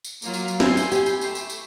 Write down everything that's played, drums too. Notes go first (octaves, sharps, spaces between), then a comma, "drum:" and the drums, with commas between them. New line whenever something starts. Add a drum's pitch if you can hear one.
drum: tambourine
F#3 A#3 F4, drum: tambourine
drum: tambourine
drum: tambourine
E4 G#5 C6 G6, drum: snare
drum: tambourine
G4, drum: tambourine
drum: tambourine
A3, drum: tambourine
drum: tambourine
drum: tambourine